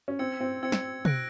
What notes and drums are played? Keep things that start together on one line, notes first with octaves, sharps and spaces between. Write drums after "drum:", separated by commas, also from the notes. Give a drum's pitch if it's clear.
C#4
C4 E6 G#6 C#7
C4
C4 E6 G#6 C#7
drum: snare
F#6 A#6 D7, drum: tom